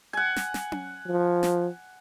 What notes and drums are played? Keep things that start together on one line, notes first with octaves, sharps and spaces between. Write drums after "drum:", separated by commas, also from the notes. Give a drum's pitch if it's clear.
F#5 G#5
drum: snare
drum: snare
drum: tom C#4
F3
drum: snare